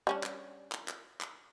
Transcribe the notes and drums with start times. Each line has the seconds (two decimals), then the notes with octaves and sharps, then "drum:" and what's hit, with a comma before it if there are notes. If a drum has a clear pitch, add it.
0.07 G3 C#4 D4
0.23 drum: clap
0.72 drum: clap
0.88 drum: clap
1.21 drum: clap